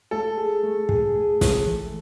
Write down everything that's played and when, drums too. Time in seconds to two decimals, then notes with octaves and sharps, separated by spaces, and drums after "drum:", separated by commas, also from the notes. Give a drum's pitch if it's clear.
0.11 A3 A4
0.38 G#4
0.63 A3
0.89 G#4, drum: kick
1.16 G#4
1.41 A3, drum: snare
1.67 E3